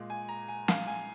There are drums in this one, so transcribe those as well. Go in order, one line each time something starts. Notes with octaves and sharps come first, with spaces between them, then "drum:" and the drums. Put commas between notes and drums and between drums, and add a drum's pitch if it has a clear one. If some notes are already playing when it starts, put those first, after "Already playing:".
Already playing: A#2 G#3
G#5
A#5
G#5
F5, drum: snare
G#5